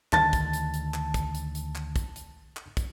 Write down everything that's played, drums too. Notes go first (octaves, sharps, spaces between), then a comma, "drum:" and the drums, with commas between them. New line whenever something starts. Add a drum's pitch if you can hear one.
D2 D#3 A5 A6, drum: clap
drum: kick, hi-hat
drum: hi-hat
drum: hi-hat
drum: clap
drum: kick, hi-hat
drum: hi-hat
drum: hi-hat
drum: clap
drum: kick, hi-hat
drum: hi-hat
drum: clap
drum: kick, hi-hat